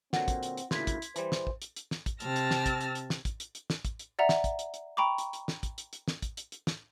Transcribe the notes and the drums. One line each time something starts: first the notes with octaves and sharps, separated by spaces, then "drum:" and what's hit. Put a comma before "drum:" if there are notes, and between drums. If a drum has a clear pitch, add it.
A#2 D3 F#3 C4 F#5 G#5 A#6, drum: snare
drum: kick, hi-hat
drum: hi-hat
drum: hi-hat
D2 A#2 C#3 E4 C6 G#6 B6, drum: snare
drum: kick, hi-hat
drum: hi-hat
E3 G3 C5, drum: hi-hat
drum: snare
drum: kick
drum: hi-hat
drum: hi-hat
drum: snare
drum: kick, hi-hat
C3 A5 E6 F6 A#6, drum: hi-hat
drum: hi-hat
drum: snare
drum: kick, hi-hat
drum: hi-hat
drum: hi-hat
drum: snare
drum: kick, hi-hat
drum: hi-hat
drum: hi-hat
drum: snare
drum: kick, hi-hat
drum: hi-hat
D5 E5 F#5 A#5
drum: snare
drum: kick, hi-hat
drum: hi-hat
drum: hi-hat
G5 A#5 B5 C#6 D6
drum: hi-hat
drum: hi-hat
drum: snare
drum: kick, hi-hat
drum: hi-hat
drum: hi-hat
drum: snare
drum: kick, hi-hat
drum: hi-hat
drum: hi-hat
drum: snare